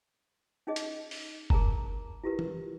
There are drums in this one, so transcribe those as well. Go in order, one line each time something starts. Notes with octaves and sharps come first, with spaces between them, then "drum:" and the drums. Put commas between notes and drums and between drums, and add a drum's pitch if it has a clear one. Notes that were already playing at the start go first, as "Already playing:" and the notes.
C#4 D#4 G#4 D#5
drum: hi-hat
drum: open hi-hat
G#4 A#4 A5 A#5, drum: kick F#1
E4 F4 G4 A#4 B4
drum: tom